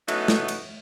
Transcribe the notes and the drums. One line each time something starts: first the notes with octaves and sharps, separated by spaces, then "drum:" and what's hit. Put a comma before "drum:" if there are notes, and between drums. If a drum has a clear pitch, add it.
F#3 A3 B3 C#4 D#4 E4, drum: cymbal
drum: snare
drum: cymbal